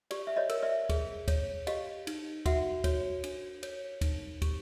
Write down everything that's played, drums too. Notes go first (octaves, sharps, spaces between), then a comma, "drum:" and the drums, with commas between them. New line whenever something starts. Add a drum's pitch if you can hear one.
G4 D5, drum: cymbal
E5
C#5 D#5
A#4, drum: cymbal
D5 E5
G#4, drum: kick, cymbal
C#5, drum: kick, cymbal
G4 D#5 F5, drum: cymbal
D#4, drum: cymbal
F#4 E5 F#5, drum: kick, cymbal
F#4 C#5, drum: kick, cymbal
D4, drum: cymbal
C#5, drum: cymbal
D#4, drum: kick, cymbal
G4, drum: kick, cymbal